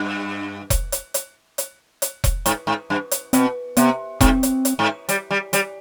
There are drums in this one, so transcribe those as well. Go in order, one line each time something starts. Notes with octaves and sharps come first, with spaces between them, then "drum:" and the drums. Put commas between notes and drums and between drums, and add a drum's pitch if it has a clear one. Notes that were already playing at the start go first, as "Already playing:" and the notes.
Already playing: G2
drum: kick E1, hi-hat
drum: hi-hat
drum: hi-hat
drum: hi-hat
drum: hi-hat
drum: kick E1, hi-hat
G#2, drum: hi-hat
G#2
G2
drum: hi-hat
B2 C4, drum: hi-hat
C3 B3, drum: hi-hat
G#2 C4, drum: kick E1, hi-hat
drum: hi-hat
drum: hi-hat
G#2
G3, drum: hi-hat
G3
G3, drum: hi-hat